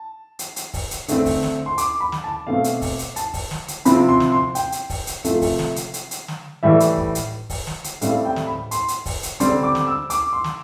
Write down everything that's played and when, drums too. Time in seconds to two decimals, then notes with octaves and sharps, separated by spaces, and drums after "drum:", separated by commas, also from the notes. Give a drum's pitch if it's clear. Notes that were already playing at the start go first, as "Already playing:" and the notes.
Already playing: A5
0.39 drum: hi-hat
0.56 drum: hi-hat
0.74 drum: kick, open hi-hat
0.91 drum: hi-hat
1.08 D3 A3 C4, drum: hi-hat
1.26 drum: kick, open hi-hat
1.43 drum: snare
1.66 C6
1.78 D6, drum: hi-hat
2.01 B5
2.12 drum: snare
2.24 A5
2.47 B2 A3 C4 F5
2.64 drum: hi-hat
2.82 drum: kick, open hi-hat
2.99 drum: hi-hat
3.16 A5, drum: hi-hat
3.34 drum: kick, open hi-hat
3.51 drum: snare
3.68 drum: hi-hat
3.85 C3 F3 C4 B5, drum: hi-hat
4.09 C6
4.20 drum: snare
4.32 C6
4.55 G5, drum: hi-hat
4.72 drum: hi-hat
4.90 drum: kick, open hi-hat
5.07 drum: hi-hat
5.25 C3 F3 A3, drum: hi-hat
5.42 drum: kick, open hi-hat
5.59 drum: snare
5.76 drum: hi-hat
5.94 drum: hi-hat
6.11 drum: hi-hat
6.28 drum: snare
6.63 A2 E3 G3 E5
6.80 drum: hi-hat
6.98 drum: kick
7.15 drum: hi-hat
7.50 drum: kick, open hi-hat
7.67 drum: snare
7.84 drum: hi-hat
8.01 A2 G3 C4 F5, drum: hi-hat
8.25 G5
8.36 drum: snare
8.47 B5
8.71 C6, drum: hi-hat
8.88 drum: hi-hat
9.06 drum: kick, open hi-hat
9.23 drum: hi-hat
9.40 D3 G3 C4 C6, drum: hi-hat
9.63 D6
9.75 drum: snare
9.87 E6
10.10 D6, drum: hi-hat
10.33 C6
10.44 drum: snare